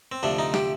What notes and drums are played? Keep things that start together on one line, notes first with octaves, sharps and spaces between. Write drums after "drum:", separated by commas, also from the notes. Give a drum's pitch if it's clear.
C4
D2 C3 F3 D4
D#4
G4, drum: snare